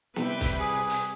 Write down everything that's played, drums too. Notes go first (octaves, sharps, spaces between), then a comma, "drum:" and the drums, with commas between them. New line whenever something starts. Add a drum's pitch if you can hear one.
C3 G3 E4 B4 E5 G5, drum: snare
drum: kick, hi-hat
G#4 G#5
drum: hi-hat